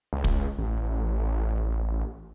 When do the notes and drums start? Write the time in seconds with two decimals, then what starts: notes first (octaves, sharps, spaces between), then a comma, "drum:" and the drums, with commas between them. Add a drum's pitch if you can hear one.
0.13 C#2
0.24 drum: kick
0.58 A1